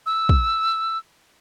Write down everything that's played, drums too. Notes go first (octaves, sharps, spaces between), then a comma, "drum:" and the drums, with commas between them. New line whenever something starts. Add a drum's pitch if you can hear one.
E6
drum: kick